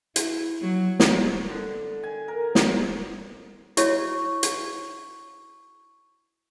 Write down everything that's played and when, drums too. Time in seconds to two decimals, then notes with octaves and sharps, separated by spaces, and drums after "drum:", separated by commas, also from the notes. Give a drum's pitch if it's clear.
0.16 E4, drum: hi-hat
0.62 F#3
1.00 drum: snare
1.49 D3
2.03 G#5
2.28 A#4
2.55 drum: snare
3.77 E4 F#4 C#5 C#6, drum: hi-hat
4.43 drum: hi-hat